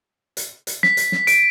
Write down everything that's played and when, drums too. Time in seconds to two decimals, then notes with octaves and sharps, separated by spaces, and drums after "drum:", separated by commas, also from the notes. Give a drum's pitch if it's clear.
0.37 drum: hi-hat
0.67 drum: hi-hat
0.83 B6, drum: snare
0.97 drum: hi-hat
1.12 drum: snare
1.27 D7, drum: hi-hat